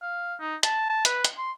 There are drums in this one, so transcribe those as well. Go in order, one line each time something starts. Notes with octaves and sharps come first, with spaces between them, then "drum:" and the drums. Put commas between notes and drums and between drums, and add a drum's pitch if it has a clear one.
F5
D#4
A5, drum: hi-hat
A5
B4, drum: hi-hat
drum: hi-hat
C6